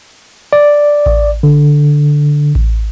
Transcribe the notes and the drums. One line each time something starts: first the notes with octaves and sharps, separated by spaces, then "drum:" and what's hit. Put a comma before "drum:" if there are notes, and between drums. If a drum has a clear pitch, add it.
D5
drum: kick A1
D3
drum: kick A1